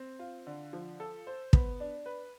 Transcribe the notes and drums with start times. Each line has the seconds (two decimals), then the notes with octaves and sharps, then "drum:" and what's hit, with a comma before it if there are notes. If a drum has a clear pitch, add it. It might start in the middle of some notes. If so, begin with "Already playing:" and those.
Already playing: C4
0.19 F4
0.47 D3
0.73 F3
1.00 A4
1.27 C5
1.53 B3, drum: kick
1.80 D4
2.06 B4